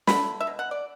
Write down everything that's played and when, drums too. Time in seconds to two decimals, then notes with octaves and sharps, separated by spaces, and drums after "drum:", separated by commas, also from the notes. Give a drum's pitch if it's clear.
0.07 D3 F#3 A3 D4 B5, drum: snare
0.41 E5
0.47 B2 F#3
0.59 F#5
0.71 D5